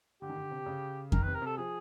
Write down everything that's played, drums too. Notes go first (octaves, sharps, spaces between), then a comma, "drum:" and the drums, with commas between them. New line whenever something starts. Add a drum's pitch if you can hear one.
D3 G4
D#3
D3
C3
C#3
D#3 A#4, drum: kick F2
C3 B4
A#4
C3 A4
F3 G#4